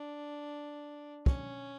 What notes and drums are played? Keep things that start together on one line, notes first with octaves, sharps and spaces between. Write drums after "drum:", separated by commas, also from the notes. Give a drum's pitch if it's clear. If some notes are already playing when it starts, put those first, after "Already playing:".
Already playing: D4
C#4, drum: kick